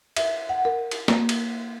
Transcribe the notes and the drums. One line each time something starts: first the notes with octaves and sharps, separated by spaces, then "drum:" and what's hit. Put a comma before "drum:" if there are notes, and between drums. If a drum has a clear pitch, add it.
E5, drum: cymbal
F#5
A#4
drum: cymbal
A#3, drum: snare
drum: cymbal